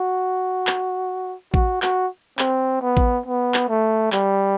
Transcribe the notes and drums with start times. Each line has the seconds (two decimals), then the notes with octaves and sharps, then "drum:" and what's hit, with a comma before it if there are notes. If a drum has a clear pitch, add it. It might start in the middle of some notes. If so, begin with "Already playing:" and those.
Already playing: F#4
0.67 drum: clap
1.54 F#4, drum: kick A1
1.82 F#4, drum: clap
2.39 C4, drum: clap
2.82 B3
2.97 drum: kick A1
3.26 B3
3.54 drum: clap
3.69 A3
4.12 G3, drum: clap